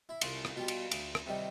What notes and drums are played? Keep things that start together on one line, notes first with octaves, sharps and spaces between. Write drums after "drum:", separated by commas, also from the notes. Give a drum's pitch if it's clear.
E4
C2 F4, drum: cymbal
drum: rim click
B2 G3 F4
drum: cymbal
D2, drum: cymbal
drum: rim click
C3 D#3 G3